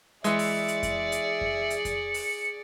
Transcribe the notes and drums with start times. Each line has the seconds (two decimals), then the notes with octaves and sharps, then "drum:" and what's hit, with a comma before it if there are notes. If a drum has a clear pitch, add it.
0.24 E3 G#3 G#4 D5 E5 C#7, drum: hi-hat
0.39 drum: open hi-hat
0.68 drum: hi-hat
0.83 drum: kick F2, hi-hat
1.12 drum: hi-hat
1.41 drum: kick F2
1.70 drum: hi-hat
1.85 drum: kick F2, hi-hat
2.14 drum: open hi-hat